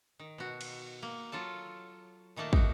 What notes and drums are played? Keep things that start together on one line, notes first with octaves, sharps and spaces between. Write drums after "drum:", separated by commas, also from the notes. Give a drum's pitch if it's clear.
D#3
B2 F#4
drum: cymbal
A#3
F#3 F4 A4 A5
A#2 D#3 A3 A#3 A5
D#4 F#4, drum: kick